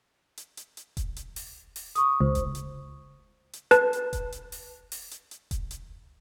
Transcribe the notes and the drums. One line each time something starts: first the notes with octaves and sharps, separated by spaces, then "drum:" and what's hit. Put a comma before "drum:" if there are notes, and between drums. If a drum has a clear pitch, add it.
drum: hi-hat
drum: hi-hat
drum: hi-hat
drum: kick E1, hi-hat
drum: hi-hat
drum: open hi-hat
drum: open hi-hat
C#6 D#6, drum: hi-hat
C#2 C5
drum: kick E1, hi-hat
drum: hi-hat
drum: hi-hat
B4 A5, drum: hi-hat
drum: hi-hat
drum: kick E1, hi-hat
drum: hi-hat
drum: open hi-hat
drum: open hi-hat
drum: hi-hat
drum: hi-hat
drum: kick E1, hi-hat
drum: hi-hat